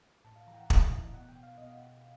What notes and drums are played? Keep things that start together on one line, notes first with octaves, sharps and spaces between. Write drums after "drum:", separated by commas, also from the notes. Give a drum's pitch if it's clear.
A2 A5
F5
E3 A#5
G5
F#5
A2 E5, drum: kick
D5
E3
D#5
B2 F#5
G5
F5
B2 D#5